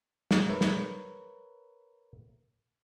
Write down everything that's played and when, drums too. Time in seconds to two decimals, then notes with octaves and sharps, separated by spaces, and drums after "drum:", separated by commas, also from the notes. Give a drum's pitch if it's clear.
0.31 drum: snare
0.49 A#4 B4 C#5 E5
0.61 drum: snare